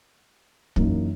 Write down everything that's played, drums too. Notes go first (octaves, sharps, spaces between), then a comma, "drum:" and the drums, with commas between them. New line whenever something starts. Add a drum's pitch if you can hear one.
F#2 E3 A#3 D#4, drum: kick